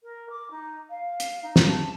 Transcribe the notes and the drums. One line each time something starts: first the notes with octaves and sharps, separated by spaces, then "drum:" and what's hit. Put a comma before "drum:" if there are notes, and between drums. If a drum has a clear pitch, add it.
A#4
D6
D#4
F5
drum: hi-hat
D#4
drum: snare
A5